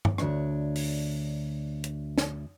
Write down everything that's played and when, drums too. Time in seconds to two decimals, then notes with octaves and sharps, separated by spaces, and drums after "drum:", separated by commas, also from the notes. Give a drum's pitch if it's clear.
0.05 drum: tom G2
0.18 D2 D4 C#5, drum: rim click
0.76 drum: open hi-hat
1.84 drum: hi-hat
2.18 drum: snare